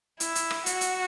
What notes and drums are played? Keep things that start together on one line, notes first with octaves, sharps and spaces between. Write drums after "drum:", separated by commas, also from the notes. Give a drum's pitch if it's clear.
E4, drum: hi-hat
drum: hi-hat
drum: rim click
F#4, drum: hi-hat
drum: hi-hat